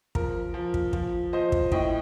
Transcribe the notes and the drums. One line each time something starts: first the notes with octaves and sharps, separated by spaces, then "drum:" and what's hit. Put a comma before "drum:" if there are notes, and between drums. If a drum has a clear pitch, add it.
F3 A#4, drum: kick
F3
drum: kick
F3, drum: kick
F3 C5 D#5
drum: kick
A2 D#5 G5, drum: kick